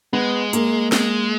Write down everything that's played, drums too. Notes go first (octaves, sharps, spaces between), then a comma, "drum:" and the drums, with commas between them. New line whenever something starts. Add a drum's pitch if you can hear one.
G#3 B3
A#3, drum: hi-hat
G#3, drum: snare